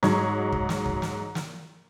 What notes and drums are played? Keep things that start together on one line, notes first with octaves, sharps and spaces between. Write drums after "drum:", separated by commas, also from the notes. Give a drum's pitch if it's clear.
G#2 F#3 D#5 C#6 G#6, drum: snare
drum: kick
drum: snare
drum: kick
drum: snare
drum: snare